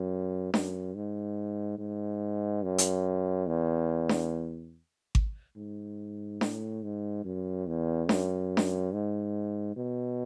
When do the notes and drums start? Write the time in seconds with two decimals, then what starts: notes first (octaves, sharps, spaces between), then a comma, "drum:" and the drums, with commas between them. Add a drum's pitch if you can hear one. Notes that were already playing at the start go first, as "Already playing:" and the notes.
Already playing: F#2
0.54 F#2, drum: snare D4
0.96 G#2
1.78 G#2
2.63 F#2
2.78 drum: hi-hat
3.47 E2
4.09 drum: snare D4
5.15 drum: kick G#1
5.57 G#2
6.41 A2, drum: snare D4
6.83 G#2
7.25 F#2
7.67 E2
8.09 F#2, drum: snare D4
8.57 drum: snare D4
8.93 G#2
9.77 B2